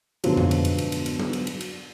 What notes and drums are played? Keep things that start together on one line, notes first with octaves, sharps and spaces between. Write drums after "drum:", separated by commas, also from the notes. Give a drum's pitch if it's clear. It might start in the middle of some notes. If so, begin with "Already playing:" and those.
G#2 B2 D3 F3 F#3, drum: cymbal
drum: tom F2
drum: cymbal
drum: cymbal
drum: cymbal
drum: cymbal
drum: cymbal
drum: tom F#3
drum: cymbal
drum: cymbal
drum: cymbal